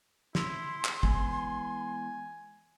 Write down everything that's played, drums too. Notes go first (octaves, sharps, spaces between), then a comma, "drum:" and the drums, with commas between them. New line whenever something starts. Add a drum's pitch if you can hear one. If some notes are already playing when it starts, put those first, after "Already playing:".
E4 C6, drum: snare
drum: clap
E3 G#3 B3 G#5, drum: kick